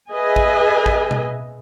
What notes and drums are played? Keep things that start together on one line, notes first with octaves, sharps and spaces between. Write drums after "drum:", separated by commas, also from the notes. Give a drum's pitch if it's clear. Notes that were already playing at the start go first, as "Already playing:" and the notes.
G#4 B4 D#5 E5 G#5
drum: kick A1
drum: kick A1
drum: tom B2